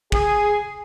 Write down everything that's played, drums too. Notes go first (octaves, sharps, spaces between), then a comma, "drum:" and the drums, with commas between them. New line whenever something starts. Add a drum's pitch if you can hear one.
G#4, drum: kick